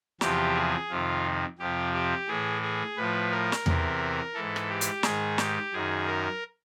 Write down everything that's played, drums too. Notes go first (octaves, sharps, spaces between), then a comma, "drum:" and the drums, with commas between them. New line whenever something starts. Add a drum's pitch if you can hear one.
E2 C3 F3 G4, drum: snare
G#4
F2 C3 D#3 F4
F2 C3 F3 G4
G4
A2 E3 G#4
G#4
A2 F3 B4
A#4
drum: snare
E2 C3 E3, drum: tom E2
G#2 E3 A4
drum: rim click
G4
drum: hi-hat
G#2 D#3 G#4, drum: snare
G4, drum: snare
F#2 D#3 G#4
A#4